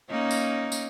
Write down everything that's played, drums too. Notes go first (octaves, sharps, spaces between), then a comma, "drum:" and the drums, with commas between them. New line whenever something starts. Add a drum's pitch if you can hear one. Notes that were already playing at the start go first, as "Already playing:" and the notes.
A#3 C#4 D#4
drum: tambourine
drum: tambourine